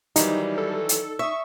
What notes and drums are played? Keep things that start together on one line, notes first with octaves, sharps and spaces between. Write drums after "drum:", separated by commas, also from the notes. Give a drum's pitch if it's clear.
D#3 E3 F#3 G3 D#4, drum: hi-hat
A4
drum: hi-hat
E5 C#6 D#6 E6